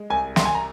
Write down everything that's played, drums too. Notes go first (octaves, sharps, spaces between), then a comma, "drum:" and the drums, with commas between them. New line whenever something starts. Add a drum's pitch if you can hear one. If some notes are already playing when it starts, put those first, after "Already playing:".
Already playing: G#3
C2 G#5
C2 C6, drum: snare
G#5
A#5